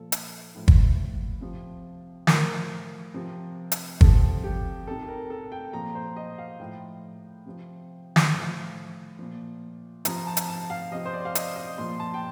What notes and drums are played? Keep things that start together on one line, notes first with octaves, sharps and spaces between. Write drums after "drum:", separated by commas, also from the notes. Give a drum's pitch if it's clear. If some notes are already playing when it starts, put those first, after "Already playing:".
Already playing: A#2 F3 A4
drum: hi-hat
A2 F3
drum: kick
C3 F3
A2 F3 A#4, drum: snare
C3 F3
drum: hi-hat
C3 F3 A4, drum: kick
G4
C3 D#3 A4
A#4
A4
G5
A#2 F3 A#5
C5
D#5
F5
A2 F3 G5
C3 F3
drum: snare
A2 F3
A#2 F3
C3 F3 A#5, drum: hi-hat
A5
drum: hi-hat
A5
F5
C3 F3 D#5
C5
D5
F5
D#5, drum: hi-hat
D#5
A#2 F3 C6
A5
G5